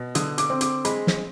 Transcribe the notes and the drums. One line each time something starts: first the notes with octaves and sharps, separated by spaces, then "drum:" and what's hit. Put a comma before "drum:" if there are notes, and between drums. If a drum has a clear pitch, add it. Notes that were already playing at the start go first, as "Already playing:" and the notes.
Already playing: B2
D3 D#6, drum: hi-hat
D6, drum: hi-hat
C4
D6, drum: hi-hat
G#3 B5, drum: hi-hat
drum: snare